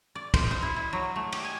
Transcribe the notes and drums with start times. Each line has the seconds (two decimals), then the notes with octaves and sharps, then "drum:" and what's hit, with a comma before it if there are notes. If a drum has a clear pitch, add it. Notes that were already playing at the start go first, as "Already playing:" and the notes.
0.15 D5
0.34 C5, drum: kick, cymbal
0.51 C5
0.62 E4
0.76 E4
0.93 F#3
1.16 A3
1.32 G4, drum: cymbal
1.45 G#5